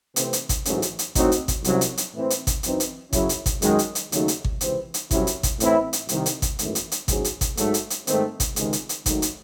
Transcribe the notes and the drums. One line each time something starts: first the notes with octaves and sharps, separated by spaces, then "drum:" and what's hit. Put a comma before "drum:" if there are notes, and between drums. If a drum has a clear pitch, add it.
C3 E3 A3 C4, drum: hi-hat
drum: hi-hat
drum: kick G#1, hi-hat
A1 G#2 F#3 A3 C#4, drum: hi-hat
drum: hi-hat
drum: hi-hat
A2 F#3 C4 D#4 F#4, drum: kick G#1, hi-hat
drum: hi-hat
drum: kick G#1, hi-hat
C2 C3 F#3 C#4, drum: hi-hat
drum: hi-hat
drum: hi-hat
A2 E3 C4 E4 C5
drum: hi-hat
drum: kick G#1, hi-hat
F#2 E3 C4 D#4, drum: hi-hat
drum: hi-hat
F#2 C#3 F#3 C#4 E4, drum: kick G#1, hi-hat
drum: hi-hat
drum: kick G#1, hi-hat
F#2 D#3 G#3, drum: hi-hat
drum: hi-hat
drum: hi-hat
D#2 C#3 F#3 A3 D#4, drum: hi-hat
drum: hi-hat
drum: kick G#1
C#2 C3 E3 C4, drum: hi-hat
drum: hi-hat
C2 C3 F#3 C#4 E4, drum: kick G#1, hi-hat
drum: hi-hat
drum: kick G#1, hi-hat
A2 E3 C4 E4, drum: hi-hat
drum: hi-hat
C2 C3 D#3, drum: hi-hat
drum: hi-hat
drum: kick G#1, hi-hat
G#1 F#2 E3 A3, drum: hi-hat
drum: hi-hat
drum: hi-hat
A1 G#2 F#3 C#4 G#4, drum: kick G#1, hi-hat
drum: hi-hat
drum: kick G#1, hi-hat
G#2 F#3 A3, drum: hi-hat
drum: hi-hat
drum: hi-hat
G#2 D#3 A3 C4, drum: hi-hat
drum: kick G#1, hi-hat
C#2 C3 D#3 G#3, drum: hi-hat
drum: hi-hat
drum: hi-hat
G#2 D#3 F#3 A3 D#4, drum: kick G#1, hi-hat
drum: hi-hat